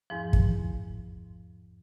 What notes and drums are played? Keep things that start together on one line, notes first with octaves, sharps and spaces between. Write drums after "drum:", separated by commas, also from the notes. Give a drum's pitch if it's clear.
E2 G#2 F3
drum: kick